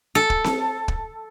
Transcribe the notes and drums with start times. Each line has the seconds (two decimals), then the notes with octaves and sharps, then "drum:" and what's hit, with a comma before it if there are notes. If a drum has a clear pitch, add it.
0.15 A4
0.30 drum: kick
0.44 drum: snare C4
0.88 drum: kick